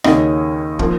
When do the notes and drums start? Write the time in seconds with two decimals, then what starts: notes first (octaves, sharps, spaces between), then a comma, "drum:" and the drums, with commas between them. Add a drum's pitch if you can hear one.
0.04 D#2 C#3 A#3 C#4 D#4 D#5, drum: rim click
0.79 F3 A#3, drum: kick